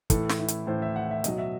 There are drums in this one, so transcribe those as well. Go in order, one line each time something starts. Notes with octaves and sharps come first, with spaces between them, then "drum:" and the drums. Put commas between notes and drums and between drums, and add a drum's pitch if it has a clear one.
A2 E3 A4, drum: kick, hi-hat
drum: snare
E4
drum: hi-hat
A2 E3 C5
E5
F#5
E5
B2 F#3 D#5, drum: hi-hat
E5